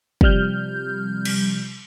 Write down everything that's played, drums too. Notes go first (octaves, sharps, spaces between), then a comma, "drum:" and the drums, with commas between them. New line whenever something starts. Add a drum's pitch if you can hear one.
C3 F3 G3 F6 G6, drum: kick
drum: cymbal